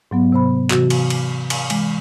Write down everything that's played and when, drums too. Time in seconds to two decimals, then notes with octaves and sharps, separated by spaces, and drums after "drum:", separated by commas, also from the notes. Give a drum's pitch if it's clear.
0.11 G#2 F#3 B3
0.32 C3 C5 B5
0.70 C3 E3 F#4, drum: clap
0.90 drum: cymbal
1.10 drum: cymbal
1.50 drum: cymbal
1.70 E3 G#3, drum: cymbal